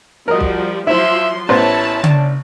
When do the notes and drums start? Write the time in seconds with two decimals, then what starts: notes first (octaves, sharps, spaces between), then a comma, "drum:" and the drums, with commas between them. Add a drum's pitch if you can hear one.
0.28 F3 G3 F#4 A#4 D#5
0.40 drum: kick
0.87 F3 F#3 E4 C5 E5 C6
1.49 A1 B3 E4 C5 C#5 A5
2.04 D4, drum: tom C#3